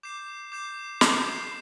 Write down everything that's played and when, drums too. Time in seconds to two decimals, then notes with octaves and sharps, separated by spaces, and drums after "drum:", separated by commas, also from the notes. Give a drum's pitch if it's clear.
0.03 D6 G6 C7 E7
0.52 D6 G6 C7 E7
1.01 D6 G6 C7 E7, drum: snare